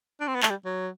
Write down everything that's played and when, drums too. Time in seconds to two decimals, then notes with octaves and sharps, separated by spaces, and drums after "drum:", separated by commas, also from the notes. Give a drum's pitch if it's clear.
0.21 D4
0.28 C4
0.35 B3
0.43 A3, drum: clap
0.50 G3
0.65 F#3